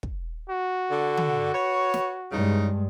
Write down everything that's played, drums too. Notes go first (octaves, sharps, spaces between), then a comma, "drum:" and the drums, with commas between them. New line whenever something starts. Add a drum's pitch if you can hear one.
drum: kick
F#4
D3
drum: tom D3
B4 C#5
drum: snare
E2 G2 C#3 G#3 D#4